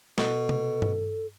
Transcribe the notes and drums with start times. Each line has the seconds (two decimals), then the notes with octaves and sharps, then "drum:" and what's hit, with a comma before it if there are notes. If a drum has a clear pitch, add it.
0.18 B2 A4, drum: snare
0.49 drum: tom C3
0.82 drum: tom G2